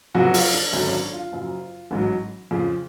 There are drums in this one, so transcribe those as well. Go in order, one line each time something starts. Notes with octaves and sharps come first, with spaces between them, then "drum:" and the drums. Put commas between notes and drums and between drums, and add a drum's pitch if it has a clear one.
F1 F2 C#3 F#3 F#4
F4, drum: open hi-hat
D4
G#1 F#2 D3 F#3 C#4
C#4
D4
F4
F#1 F#2 F3
A1 G#2 F#3
F2 C#3 F3